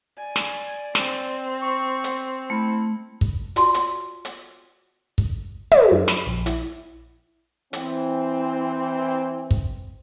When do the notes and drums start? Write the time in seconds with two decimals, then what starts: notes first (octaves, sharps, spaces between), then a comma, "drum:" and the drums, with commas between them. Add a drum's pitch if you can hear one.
0.18 D5 G#5
0.36 drum: snare
0.95 C4, drum: snare
1.62 C#6
2.04 drum: hi-hat
2.50 A3 E4
3.21 drum: kick
3.56 F4 F#4 D5 A5 C6, drum: hi-hat
3.74 drum: hi-hat
4.25 drum: hi-hat
5.18 drum: kick
5.71 drum: tom
5.91 F#2
6.08 B5, drum: snare
6.27 A#1
6.46 E4, drum: hi-hat
7.73 E3 C4, drum: hi-hat
9.51 drum: kick